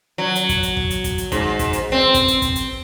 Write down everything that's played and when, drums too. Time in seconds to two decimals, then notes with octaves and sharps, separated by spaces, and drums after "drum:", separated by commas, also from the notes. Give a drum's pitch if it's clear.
0.18 F#3
0.35 drum: hi-hat
0.49 drum: kick, hi-hat
0.63 drum: hi-hat
0.77 drum: kick
0.90 drum: hi-hat
1.04 drum: kick, hi-hat
1.18 drum: hi-hat
1.32 G#2, drum: kick, hi-hat
1.59 drum: kick, hi-hat
1.73 drum: hi-hat
1.92 C4
2.14 drum: kick, hi-hat
2.28 drum: hi-hat
2.42 drum: kick, hi-hat
2.56 drum: hi-hat